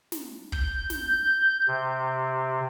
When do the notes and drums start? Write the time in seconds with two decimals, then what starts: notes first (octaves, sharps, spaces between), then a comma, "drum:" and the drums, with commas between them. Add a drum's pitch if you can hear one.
0.12 drum: snare
0.52 G6, drum: kick
0.90 drum: snare
1.68 C3